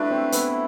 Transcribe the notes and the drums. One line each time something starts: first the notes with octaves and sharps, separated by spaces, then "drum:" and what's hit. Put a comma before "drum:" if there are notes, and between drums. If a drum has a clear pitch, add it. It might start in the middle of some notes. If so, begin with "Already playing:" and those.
Already playing: A3 D4 E4 F#4 B4
C4
B3 E4, drum: hi-hat